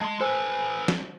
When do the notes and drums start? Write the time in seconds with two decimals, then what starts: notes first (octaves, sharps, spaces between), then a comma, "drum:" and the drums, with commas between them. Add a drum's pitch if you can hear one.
0.01 G#3 A5 C6
0.21 A4 B4 C5 G#5
0.88 drum: snare